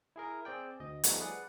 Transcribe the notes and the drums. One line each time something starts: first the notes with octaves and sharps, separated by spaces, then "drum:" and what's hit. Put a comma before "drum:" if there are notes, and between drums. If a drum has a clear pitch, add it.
E4 G#4 A#4
C4 G#4 D5 G5
D2 D#5
F3 G3 A3 B3 C#4 D#4, drum: hi-hat
G#4 B4 D5 F#5